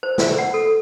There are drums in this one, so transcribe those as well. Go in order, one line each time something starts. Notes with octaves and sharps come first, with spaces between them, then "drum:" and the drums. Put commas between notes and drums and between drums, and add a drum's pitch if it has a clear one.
C5
drum: snare
F#5
A4